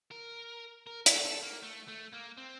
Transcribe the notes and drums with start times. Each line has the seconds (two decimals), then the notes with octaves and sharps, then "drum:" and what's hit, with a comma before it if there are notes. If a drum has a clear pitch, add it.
0.11 A#4
0.87 A#4
1.06 A4, drum: hi-hat
1.25 A4
1.43 A#3
1.63 A3
1.88 A3
2.13 A#3
2.37 C4